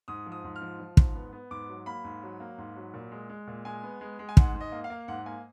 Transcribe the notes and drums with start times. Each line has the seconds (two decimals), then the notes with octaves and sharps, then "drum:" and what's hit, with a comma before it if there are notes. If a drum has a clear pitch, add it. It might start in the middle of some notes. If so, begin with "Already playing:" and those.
0.08 G#2 D#6
0.26 F3
0.32 D#6
0.44 G#2
0.56 F6
0.62 F3
0.80 F3
0.97 G#2, drum: kick
1.15 B3
1.33 B3
1.51 G#2 D6
1.68 F#3
1.86 A#3 B5
2.04 G#2
2.23 F#3
2.40 A#3
2.58 G#2
2.76 F#3
2.94 A#2
3.12 G#3
3.29 G#3
3.47 A#2
3.65 G#3 G#5
3.83 B3
4.01 G#3
4.19 G#3
4.29 G#5
4.37 G#2 F#5, drum: kick
4.54 G#2
4.60 D#5
4.72 A#3
4.84 F5
4.90 A#3
5.08 G#2 F#5
5.26 A#3 G#5